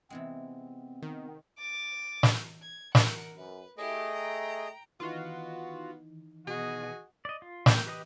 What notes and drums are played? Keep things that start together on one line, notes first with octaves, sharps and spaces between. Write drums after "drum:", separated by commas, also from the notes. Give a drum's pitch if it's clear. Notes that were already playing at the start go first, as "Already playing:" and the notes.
C3 E3 G#3 B3 C4
D#3
D6 A6
drum: snare
G#6
A#4 F#5, drum: snare
F#2 B4
A3 E4 G4 G#4 D#5
G5 A#5
D#3 E3 B3 D#4 F4 F#4
B2 F#4 G#4 D#5
D5 D#5
F4
A#3 G5, drum: snare
G4 B4 D#5 D#6